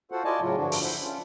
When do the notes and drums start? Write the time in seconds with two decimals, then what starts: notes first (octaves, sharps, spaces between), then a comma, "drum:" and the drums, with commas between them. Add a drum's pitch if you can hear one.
0.12 F4 F#4 A4 C5 F#5
0.24 E4 F4 D5 D#5 G#5 A5
0.40 A2 C#3 F#3 E4 F4
0.56 G2 D3 F3 D4 F#4
0.72 drum: open hi-hat
0.83 E4 C5 E5 F#5
1.02 C#4 D4 F4